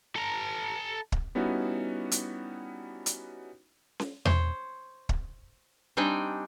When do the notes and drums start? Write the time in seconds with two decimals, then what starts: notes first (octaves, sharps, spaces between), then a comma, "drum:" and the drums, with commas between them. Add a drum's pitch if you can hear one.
0.16 A4 A#5
1.12 drum: kick
1.35 G3 B3 C#4 D#4 E4 F#4
2.12 drum: hi-hat
3.06 drum: hi-hat
4.00 drum: snare C#4
4.25 C5 C#5, drum: tom E2
5.09 drum: kick
5.97 G3 C4 D4 D#4 G5 G#5